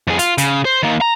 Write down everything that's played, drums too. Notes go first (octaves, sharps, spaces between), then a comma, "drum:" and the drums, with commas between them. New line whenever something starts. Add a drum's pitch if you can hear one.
F2 G#4
F4, drum: hi-hat
C#3, drum: hi-hat
C5
D#3 A#3
A#5